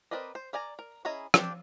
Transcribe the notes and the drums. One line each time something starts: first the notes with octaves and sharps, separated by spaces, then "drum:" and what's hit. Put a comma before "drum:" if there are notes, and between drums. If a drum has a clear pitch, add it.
C4 A#4 B4 D5 D#5
C5
A#4 D5 G#5 A#5
A#4
C#4 E4 G#4 D#5 A#5
C4 D4 G4, drum: rim click